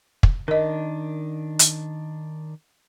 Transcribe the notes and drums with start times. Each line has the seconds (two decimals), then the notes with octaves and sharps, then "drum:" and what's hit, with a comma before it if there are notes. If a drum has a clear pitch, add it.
0.23 drum: kick
0.48 D#3 D4 A#4 D#5
1.59 drum: hi-hat